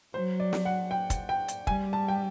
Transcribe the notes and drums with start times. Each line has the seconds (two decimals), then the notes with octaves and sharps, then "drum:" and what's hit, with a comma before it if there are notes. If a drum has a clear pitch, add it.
0.14 F#3 C5
0.40 D5
0.53 drum: snare
0.65 F#5
0.91 G5
1.10 drum: kick, hi-hat
1.29 G5
1.48 drum: hi-hat
1.67 G3 G#5, drum: kick
1.93 A5
2.08 G5